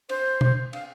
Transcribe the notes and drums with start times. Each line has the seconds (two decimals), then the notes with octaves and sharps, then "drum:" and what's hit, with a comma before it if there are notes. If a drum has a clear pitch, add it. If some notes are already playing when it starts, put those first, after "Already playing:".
0.09 C5, drum: cymbal
0.41 drum: tom B2
0.73 F5, drum: cymbal